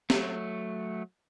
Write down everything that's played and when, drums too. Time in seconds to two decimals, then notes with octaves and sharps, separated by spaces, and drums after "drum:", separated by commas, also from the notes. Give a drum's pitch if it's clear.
0.10 F#3 A3, drum: snare